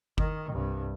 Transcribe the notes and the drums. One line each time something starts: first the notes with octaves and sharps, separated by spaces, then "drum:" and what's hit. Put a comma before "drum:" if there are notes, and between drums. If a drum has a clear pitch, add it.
D#3, drum: kick G1
C2 G2